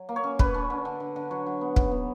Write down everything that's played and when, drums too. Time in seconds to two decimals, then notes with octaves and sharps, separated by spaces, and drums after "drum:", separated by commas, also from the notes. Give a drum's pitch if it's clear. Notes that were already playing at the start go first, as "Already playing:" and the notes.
Already playing: F#3
0.09 A#3
0.16 C#5
0.24 C#4
0.39 C#4 B4, drum: kick
0.54 C#4
0.70 D3
0.85 D3
1.00 D3
1.16 D3
1.31 F#3 C#5
1.46 F#3
1.61 B3
1.76 C#3, drum: kick
1.91 B3